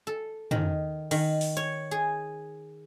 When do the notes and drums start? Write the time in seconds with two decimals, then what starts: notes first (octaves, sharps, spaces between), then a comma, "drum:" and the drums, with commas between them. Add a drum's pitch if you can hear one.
0.07 A4
0.51 D#3, drum: tom
1.11 D#3, drum: cymbal
1.41 drum: open hi-hat
1.57 C#5
1.91 G#4